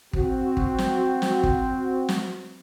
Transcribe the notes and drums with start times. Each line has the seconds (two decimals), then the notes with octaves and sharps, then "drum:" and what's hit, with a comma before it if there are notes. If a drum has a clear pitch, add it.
0.13 C4 F#4, drum: kick
0.57 drum: kick
0.78 drum: snare
1.22 drum: snare
1.43 drum: kick
2.09 drum: snare